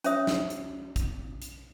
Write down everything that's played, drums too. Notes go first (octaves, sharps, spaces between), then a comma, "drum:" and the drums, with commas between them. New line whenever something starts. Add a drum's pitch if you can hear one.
C#4 C5 C#5 E5 D#6, drum: hi-hat
drum: snare
drum: hi-hat
drum: kick, hi-hat
drum: hi-hat